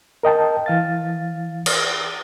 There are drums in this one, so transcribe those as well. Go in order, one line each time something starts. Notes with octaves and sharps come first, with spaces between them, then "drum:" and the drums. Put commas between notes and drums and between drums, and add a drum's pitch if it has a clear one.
A#4 D#5 G5 A5
E3 F5 A6
drum: cymbal